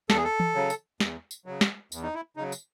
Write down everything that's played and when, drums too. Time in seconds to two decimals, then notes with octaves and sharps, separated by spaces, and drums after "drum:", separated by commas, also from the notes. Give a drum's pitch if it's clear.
0.10 E2 A4, drum: snare
0.16 G#4
0.24 A4
0.40 drum: tom E3
0.55 C#3 F#3
0.70 drum: tambourine
1.00 E2, drum: snare
1.31 drum: tambourine
1.46 C#3 F#3
1.61 drum: snare
1.92 E2, drum: tambourine
2.03 D#4
2.14 E4
2.37 C#3 F#3 D#4
2.52 drum: tambourine